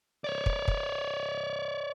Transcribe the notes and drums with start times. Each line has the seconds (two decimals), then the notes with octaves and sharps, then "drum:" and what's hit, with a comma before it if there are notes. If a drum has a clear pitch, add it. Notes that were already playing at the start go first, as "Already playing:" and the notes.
0.24 C#5 D5
0.46 drum: kick
0.68 drum: kick